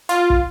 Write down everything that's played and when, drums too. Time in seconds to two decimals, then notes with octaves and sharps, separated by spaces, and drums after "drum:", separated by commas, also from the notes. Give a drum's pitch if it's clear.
0.09 F4, drum: hi-hat
0.30 drum: kick